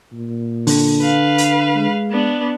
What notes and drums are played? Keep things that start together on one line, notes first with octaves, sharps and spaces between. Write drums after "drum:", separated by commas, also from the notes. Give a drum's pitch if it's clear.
A#2
D3, drum: open hi-hat
B4 F5
drum: hi-hat
G#3
B3 D4